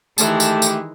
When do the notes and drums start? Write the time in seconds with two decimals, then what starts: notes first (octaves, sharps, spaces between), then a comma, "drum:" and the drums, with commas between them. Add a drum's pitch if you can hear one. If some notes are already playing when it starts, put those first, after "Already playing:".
0.18 D#3 E3 G#3 A3 G4 A5, drum: tambourine
0.40 drum: tambourine
0.62 drum: tambourine